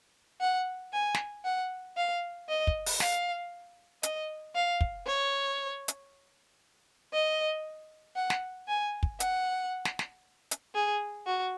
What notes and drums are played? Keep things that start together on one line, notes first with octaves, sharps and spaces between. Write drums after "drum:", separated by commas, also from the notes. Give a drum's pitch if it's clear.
F#5
G#5
drum: snare
F#5
F5
D#5
drum: kick
drum: open hi-hat
F5, drum: snare
D#5, drum: hi-hat
F5
drum: kick
C#5
drum: hi-hat
D#5
F#5
drum: snare
G#5
drum: kick
F#5, drum: hi-hat
drum: snare
drum: snare
drum: hi-hat
G#4
F#4